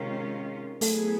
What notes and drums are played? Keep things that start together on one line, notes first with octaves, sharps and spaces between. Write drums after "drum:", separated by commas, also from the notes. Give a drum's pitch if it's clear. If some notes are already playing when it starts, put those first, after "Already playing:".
Already playing: C3 D#3 G#3 C#4 F4 A#4
F#3 A3 B3 E4 G#4 A4, drum: open hi-hat